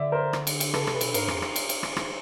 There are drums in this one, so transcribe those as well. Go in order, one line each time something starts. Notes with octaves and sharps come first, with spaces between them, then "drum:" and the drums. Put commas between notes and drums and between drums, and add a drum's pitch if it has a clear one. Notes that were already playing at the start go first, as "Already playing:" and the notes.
Already playing: D3 D5 E5
A#4 C5
drum: rim click
drum: cymbal
drum: cymbal
C#3 A4 B4, drum: rim click
C3, drum: rim click
A4 B4
B2, drum: cymbal
G#2 A#4 C5, drum: cymbal
F2, drum: rim click
drum: rim click
drum: cymbal
drum: cymbal
drum: rim click
drum: rim click